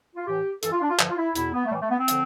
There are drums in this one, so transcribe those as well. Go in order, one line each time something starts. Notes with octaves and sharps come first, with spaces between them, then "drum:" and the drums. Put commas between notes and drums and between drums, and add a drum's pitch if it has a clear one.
F4
A2 E3 G4
G2 E3 A4, drum: hi-hat
F4
D4
F4
G2 D3 F3, drum: clap
F4
E4
E2 B2 E4, drum: hi-hat
B3
A3
A2 E3 G3
A3
B3
C4
D3 F3, drum: hi-hat